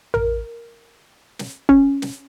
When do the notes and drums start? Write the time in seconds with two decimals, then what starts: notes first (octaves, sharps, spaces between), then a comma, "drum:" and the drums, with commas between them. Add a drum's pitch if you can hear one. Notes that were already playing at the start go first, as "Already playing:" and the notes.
0.14 A#4, drum: tom A1
1.39 drum: snare
1.69 C#4, drum: kick
2.02 drum: snare